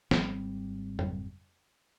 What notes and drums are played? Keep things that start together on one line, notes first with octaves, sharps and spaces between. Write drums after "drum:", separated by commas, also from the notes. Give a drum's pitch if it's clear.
G#1 G3 C4, drum: snare
drum: tom